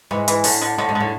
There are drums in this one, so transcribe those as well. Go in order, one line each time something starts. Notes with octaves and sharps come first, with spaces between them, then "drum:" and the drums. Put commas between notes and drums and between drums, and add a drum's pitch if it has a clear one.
G#2 E3
E3, drum: hi-hat
A2 D3, drum: open hi-hat
D3
A2 D3
G#2
D3
A2